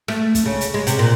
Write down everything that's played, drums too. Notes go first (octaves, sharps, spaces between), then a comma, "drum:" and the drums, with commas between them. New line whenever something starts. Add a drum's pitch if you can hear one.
A3, drum: rim click
drum: kick, hi-hat
C#3
drum: hi-hat
G#3
C3, drum: hi-hat
A#2